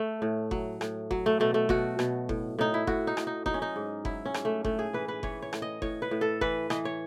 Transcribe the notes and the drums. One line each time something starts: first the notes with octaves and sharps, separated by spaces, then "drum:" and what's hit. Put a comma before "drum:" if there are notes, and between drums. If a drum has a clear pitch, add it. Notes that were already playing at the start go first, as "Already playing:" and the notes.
Already playing: A3
A2
F#3, drum: kick F#1
A2, drum: rim click
F#3, drum: kick F#1
A3
B2 A3
A3
B2 F#4, drum: kick F#1
B2, drum: rim click
A2, drum: kick F#1
A2 D#4
E4
A2 F#4, drum: kick F#1
D#4
A2, drum: rim click
D#4
F#3 D#4, drum: kick F#1
C#4
D#4
G#2
F#3 E4, drum: kick F#1
C#4
G#2, drum: rim click
A3
A2 A3, drum: kick F#1
G#4
E3 B4
B4
E3 C#5, drum: kick F#1
C#5
A2, drum: rim click
D#5
A2 C#5, drum: kick F#1
B4
A2
A4
E3 B4, drum: kick F#1
E3 D#5, drum: rim click
C#5